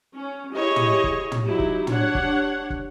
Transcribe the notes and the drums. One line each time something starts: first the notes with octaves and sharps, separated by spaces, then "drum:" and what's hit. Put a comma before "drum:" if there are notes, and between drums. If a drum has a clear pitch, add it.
C#4
E4 G4 G#4 C#5 D#5
drum: tom
drum: kick
drum: tom
F#3 D#4 E4 G4
drum: kick
D4 G4 C#5 F#5, drum: tom
drum: kick
drum: kick